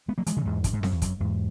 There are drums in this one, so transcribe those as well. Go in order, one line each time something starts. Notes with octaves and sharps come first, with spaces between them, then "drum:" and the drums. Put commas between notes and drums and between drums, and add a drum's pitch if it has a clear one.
G#3 B3
F#3 A#3
E3 G#3, drum: hi-hat
C#3 E3
E2 G#2
F#2, drum: kick, hi-hat
G#2
F#2, drum: snare C4
E2
F#2, drum: kick, hi-hat
E2 G#2